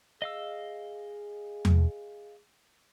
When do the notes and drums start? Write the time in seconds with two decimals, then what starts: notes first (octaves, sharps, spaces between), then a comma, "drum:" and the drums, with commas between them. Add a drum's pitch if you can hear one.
0.22 G#4 D#5 F5 E6
1.65 drum: tom E2